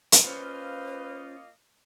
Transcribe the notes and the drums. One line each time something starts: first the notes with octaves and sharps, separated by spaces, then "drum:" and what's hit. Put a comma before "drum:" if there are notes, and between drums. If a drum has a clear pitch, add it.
drum: hi-hat
A#3 C#4 F4 B4 C5 D#5 F5